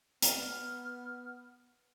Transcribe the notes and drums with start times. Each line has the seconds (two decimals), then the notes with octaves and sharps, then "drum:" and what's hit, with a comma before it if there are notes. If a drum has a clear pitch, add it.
0.22 B3 F6, drum: hi-hat